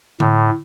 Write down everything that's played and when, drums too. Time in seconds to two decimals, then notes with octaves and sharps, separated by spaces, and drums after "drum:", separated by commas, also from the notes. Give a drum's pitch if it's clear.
0.20 A2, drum: tom D3